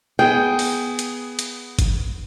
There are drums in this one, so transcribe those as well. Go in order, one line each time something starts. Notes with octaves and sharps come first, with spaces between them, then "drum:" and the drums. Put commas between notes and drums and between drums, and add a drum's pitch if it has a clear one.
B3 G#4 G5
drum: open hi-hat
drum: hi-hat
drum: hi-hat
drum: kick, hi-hat